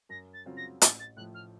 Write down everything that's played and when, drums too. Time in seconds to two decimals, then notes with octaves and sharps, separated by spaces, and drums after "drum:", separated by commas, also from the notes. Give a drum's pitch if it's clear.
0.09 F#2 A#6
0.33 A6
0.45 C#3 F#3 C4 F4
0.57 A#6
0.82 A1 A6, drum: hi-hat
0.99 A6
1.17 A2 F3 F#6
1.34 F6